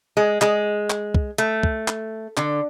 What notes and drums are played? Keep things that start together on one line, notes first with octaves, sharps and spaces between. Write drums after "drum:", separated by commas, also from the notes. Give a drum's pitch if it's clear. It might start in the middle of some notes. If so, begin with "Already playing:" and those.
G#3
G#3, drum: clap
drum: clap
drum: kick
A3, drum: hi-hat
drum: kick
drum: clap
D3, drum: clap